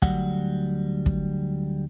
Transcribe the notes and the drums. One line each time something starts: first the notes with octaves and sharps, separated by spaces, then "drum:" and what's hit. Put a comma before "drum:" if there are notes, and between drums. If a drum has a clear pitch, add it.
D2 F#3 G3 F#5, drum: kick
drum: kick